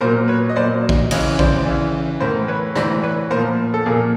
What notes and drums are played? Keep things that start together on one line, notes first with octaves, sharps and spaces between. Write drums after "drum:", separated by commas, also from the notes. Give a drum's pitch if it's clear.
A#2 F#3 A#4 C5
B4 C#5
D#5
A#2 F#3 C5 D5
drum: kick
C#3 E3 C#5 D#5, drum: cymbal
C5 D5, drum: kick
C#3 E3
A2 E3 A#4 C5
B4 C#5
A2 E3 C5 D5, drum: rim click
B4 C#5
A#2 A#4 C5
F3
A4
A#2 F3 G#4 A#4